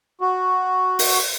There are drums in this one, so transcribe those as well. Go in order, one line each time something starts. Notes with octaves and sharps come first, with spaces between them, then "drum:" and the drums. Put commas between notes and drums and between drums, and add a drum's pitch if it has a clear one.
F#4
drum: open hi-hat